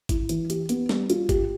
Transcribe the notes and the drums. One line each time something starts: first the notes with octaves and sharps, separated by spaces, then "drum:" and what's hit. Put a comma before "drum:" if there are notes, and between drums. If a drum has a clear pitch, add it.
E4, drum: kick G1, hi-hat
E3, drum: hi-hat
G4, drum: hi-hat
B3, drum: hi-hat
G3, drum: snare
F4, drum: hi-hat
G4, drum: kick G1, hi-hat